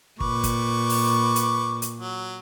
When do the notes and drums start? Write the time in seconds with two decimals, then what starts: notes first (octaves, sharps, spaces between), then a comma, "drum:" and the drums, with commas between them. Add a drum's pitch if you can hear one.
0.20 A#2 B4 C#6 D6, drum: kick
0.44 drum: kick, hi-hat
0.90 drum: open hi-hat
1.36 drum: hi-hat
1.82 drum: hi-hat
1.99 F#3